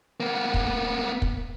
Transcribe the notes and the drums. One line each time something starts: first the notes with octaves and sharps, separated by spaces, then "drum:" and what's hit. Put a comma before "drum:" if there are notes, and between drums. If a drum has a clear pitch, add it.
A#3 B3
drum: kick
drum: kick